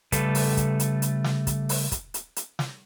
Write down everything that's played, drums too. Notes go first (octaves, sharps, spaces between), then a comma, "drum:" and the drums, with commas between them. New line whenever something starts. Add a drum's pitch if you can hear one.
C#3 G3 A3 A4 B4, drum: kick, hi-hat
drum: open hi-hat
drum: kick, hi-hat
drum: hi-hat
drum: hi-hat
drum: snare
drum: kick, hi-hat
drum: open hi-hat
drum: kick, hi-hat
drum: hi-hat
drum: hi-hat
drum: snare